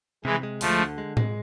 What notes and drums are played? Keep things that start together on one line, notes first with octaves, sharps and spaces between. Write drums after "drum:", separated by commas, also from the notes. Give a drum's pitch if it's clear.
C3 E3 G#3
G#3
D2 F3 A3, drum: open hi-hat
D3
G#3
G#3, drum: tom A2